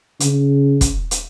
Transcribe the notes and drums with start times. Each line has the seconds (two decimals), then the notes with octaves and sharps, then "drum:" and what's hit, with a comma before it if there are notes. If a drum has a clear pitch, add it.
0.20 C#3, drum: hi-hat
0.81 drum: kick, hi-hat
1.11 drum: hi-hat